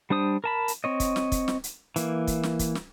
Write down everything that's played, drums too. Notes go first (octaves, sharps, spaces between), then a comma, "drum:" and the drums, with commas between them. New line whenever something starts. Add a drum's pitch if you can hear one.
G3 D4 C5 D#6
A#4 A5 B5
drum: hi-hat
C4 C#5 D#5
drum: kick, hi-hat
drum: snare
drum: kick, hi-hat
drum: snare
drum: hi-hat
E3 A#3, drum: hi-hat
drum: kick, hi-hat
drum: snare
drum: kick, hi-hat
drum: snare